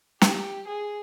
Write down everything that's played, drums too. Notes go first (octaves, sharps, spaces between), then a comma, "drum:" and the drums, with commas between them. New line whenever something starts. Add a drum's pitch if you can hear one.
G4, drum: snare
G#4